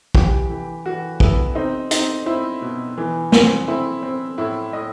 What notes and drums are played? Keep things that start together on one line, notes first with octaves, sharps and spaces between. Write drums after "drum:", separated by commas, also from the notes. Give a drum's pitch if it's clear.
E3 G4, drum: kick
E3
E3 F#4
B3 E4, drum: kick
C4 D#4
C4 D#4, drum: hi-hat
C4 E4
B2
E3
C4, drum: snare
C4 E4
C4
A2 E4
A2 D#5